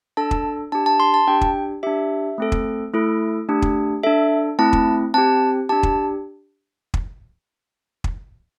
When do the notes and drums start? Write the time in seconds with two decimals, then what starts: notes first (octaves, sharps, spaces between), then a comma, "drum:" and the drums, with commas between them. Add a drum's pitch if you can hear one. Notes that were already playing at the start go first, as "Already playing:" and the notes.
0.17 D4 A4 A5
0.31 drum: kick
0.72 D4 G4 A5
0.86 A5
1.00 C6
1.14 A5
1.28 D4 G4 G5
1.41 drum: kick
1.83 D4 G4 E5
2.38 A3 C4 A4
2.52 drum: kick
2.93 A3 E4 A4
3.49 A3 D4 G4
3.62 drum: kick
4.03 D4 A4 E5
4.59 A3 C4 E4 A5
4.73 drum: kick
5.14 C4 G4 A5
5.69 D4 G4 A5
5.83 drum: kick
6.94 drum: kick
8.04 drum: kick